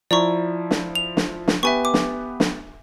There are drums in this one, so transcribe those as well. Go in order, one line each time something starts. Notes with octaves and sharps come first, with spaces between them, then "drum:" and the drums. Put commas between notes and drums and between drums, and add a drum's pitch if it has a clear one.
F3 E4 D5 A#5 C#6
drum: snare
F7
drum: snare
drum: snare
B3 G4 B4 E5 G#5 C#6
D6
drum: snare
drum: snare